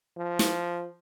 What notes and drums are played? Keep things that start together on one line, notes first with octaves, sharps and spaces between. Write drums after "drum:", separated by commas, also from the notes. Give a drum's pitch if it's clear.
F3
drum: snare